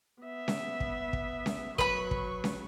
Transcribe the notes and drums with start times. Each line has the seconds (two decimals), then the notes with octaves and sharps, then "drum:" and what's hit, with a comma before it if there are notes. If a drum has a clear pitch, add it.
0.22 B3 E5
0.48 drum: snare C#4
0.80 drum: kick
1.13 drum: kick
1.46 drum: snare C#4
1.78 F#3 B4 B5 C#6, drum: kick
2.11 drum: kick
2.44 drum: snare C#4